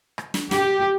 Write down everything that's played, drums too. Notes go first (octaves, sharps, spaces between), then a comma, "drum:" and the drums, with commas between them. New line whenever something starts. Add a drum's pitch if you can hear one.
drum: rim click
drum: snare
G4, drum: snare